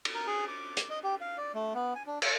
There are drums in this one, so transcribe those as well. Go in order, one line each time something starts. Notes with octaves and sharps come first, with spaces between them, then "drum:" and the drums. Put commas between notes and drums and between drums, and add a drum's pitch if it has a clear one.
drum: cymbal
A#4
G#4
D6
drum: hi-hat
D#5
G4
F5
D5
A3
B3
G#5
D4
E6, drum: cymbal